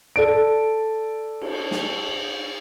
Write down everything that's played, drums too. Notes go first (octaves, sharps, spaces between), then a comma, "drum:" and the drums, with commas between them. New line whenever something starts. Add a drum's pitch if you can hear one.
A4 D5 D7
drum: cymbal
drum: snare